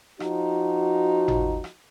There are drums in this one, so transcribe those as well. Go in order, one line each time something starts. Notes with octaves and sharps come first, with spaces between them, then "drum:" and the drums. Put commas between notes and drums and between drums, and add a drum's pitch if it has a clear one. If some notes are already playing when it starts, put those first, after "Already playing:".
F3 D#4 F#4, drum: rim click
drum: tom G#1
drum: rim click